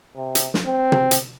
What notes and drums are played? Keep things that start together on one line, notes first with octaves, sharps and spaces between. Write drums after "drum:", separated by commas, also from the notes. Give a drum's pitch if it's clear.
C3
drum: hi-hat
drum: snare
C4
drum: tom
drum: hi-hat